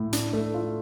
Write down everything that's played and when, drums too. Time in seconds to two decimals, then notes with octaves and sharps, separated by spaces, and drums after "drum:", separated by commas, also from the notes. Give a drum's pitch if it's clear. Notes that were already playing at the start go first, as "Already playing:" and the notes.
Already playing: A2
0.13 D4, drum: hi-hat
0.33 A3
0.54 F4